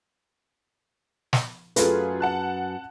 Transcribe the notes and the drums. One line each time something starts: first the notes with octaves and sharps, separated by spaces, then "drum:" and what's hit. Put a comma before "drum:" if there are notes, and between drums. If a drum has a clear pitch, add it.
drum: snare
F#2 A3 F4 G#4 B4, drum: hi-hat
F#5 A5 F#6